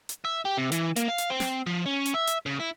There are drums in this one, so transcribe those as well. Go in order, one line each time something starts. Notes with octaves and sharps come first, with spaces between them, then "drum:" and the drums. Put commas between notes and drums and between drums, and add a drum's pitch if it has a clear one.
drum: hi-hat
E5
G4
C3
E3, drum: hi-hat
A#3, drum: hi-hat
F5
drum: hi-hat
C4
drum: snare
F3
C#4
drum: hi-hat
E5
drum: hi-hat
C#3
E4